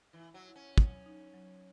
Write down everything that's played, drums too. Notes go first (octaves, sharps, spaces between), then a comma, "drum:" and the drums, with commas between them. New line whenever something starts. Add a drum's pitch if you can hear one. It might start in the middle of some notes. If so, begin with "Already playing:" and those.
E3
E4
F#3
E4
C#4
F#3, drum: kick
D#4
F#3